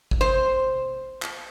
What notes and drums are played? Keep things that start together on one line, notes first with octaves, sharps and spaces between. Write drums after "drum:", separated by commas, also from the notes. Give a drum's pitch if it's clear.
drum: kick G#1
C5
drum: clap